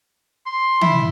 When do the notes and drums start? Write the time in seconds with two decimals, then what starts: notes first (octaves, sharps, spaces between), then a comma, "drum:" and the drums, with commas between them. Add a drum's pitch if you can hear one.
0.46 C6
0.81 E4, drum: tom